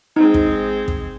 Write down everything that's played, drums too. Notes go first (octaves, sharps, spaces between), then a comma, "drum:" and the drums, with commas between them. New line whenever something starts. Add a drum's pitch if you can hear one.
G#3 C4 D#4
drum: kick
drum: kick